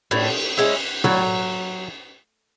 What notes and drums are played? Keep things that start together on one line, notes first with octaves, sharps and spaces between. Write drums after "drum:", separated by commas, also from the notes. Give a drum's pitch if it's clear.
A2, drum: cymbal
G#3 C#4 E4
A2 F#3, drum: tom